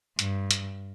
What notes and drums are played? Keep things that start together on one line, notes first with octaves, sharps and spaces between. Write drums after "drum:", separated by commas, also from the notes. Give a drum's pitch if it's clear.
G2, drum: hi-hat
drum: hi-hat